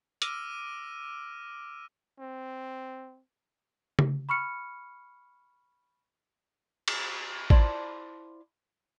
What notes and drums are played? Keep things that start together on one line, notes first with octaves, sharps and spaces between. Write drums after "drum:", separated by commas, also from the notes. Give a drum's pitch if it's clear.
D6 E6 F6 A#6 D7 D#7, drum: hi-hat
C4
drum: tom C#3
B5 C#6 F6 C#7
drum: cymbal
E4 F4 C5 D5 A5, drum: kick G#1